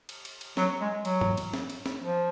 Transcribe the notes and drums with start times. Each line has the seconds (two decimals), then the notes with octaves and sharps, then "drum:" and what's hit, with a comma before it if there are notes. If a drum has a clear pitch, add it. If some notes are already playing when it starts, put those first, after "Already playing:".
0.09 drum: cymbal
0.25 drum: cymbal
0.41 drum: cymbal
0.57 F#3, drum: snare
0.81 G#3
1.05 F#3, drum: cymbal
1.21 drum: tom G#2
1.37 drum: cymbal
1.54 drum: snare
1.70 drum: cymbal
1.86 drum: snare
2.02 F3